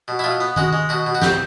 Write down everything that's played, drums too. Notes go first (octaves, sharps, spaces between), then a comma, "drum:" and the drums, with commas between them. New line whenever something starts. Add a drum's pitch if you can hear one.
B2
E4
B2 F4
B3
G#3 F#4, drum: tom D#3
G#3
B2 F#4
B2
F#4
C4 G4, drum: snare